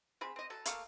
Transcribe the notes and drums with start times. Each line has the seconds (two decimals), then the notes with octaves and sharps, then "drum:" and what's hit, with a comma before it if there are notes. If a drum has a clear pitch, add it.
0.21 C4 G#4 B5
0.36 C4 D#5
0.50 F#3 A4
0.66 A3 A#3 F5 C#6, drum: hi-hat